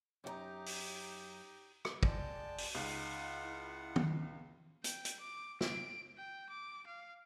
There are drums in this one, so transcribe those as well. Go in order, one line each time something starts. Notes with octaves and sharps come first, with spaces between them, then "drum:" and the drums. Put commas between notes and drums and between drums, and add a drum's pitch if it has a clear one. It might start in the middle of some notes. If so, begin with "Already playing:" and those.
F#2 D#4 F#4 G4 A#5
drum: open hi-hat
drum: rim click
G#3 D5 G5 A5, drum: kick
drum: open hi-hat
C#2 D#4 F4 F#5
E4
drum: tom D#3
G5, drum: hi-hat
drum: hi-hat
D6
D7, drum: snare
G5
D6
F5